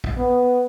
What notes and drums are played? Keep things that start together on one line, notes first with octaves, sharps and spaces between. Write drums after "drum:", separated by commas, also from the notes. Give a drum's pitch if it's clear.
drum: kick
B3